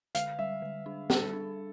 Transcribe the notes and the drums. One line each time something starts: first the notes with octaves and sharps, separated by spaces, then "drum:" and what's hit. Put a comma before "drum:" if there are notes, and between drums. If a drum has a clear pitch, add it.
D3 F5, drum: hi-hat
G3 E5
D3
D4
G3 A4, drum: snare
D4